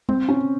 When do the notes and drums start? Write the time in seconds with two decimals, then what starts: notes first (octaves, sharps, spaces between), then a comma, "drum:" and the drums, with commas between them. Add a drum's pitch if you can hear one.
0.09 C4, drum: tom G3
0.29 C#4